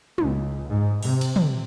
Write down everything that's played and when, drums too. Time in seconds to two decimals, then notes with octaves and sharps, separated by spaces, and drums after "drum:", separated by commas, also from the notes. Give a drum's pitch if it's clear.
0.18 C#2, drum: tom
0.68 G#2
1.03 C3, drum: open hi-hat
1.21 drum: cymbal
1.36 drum: tom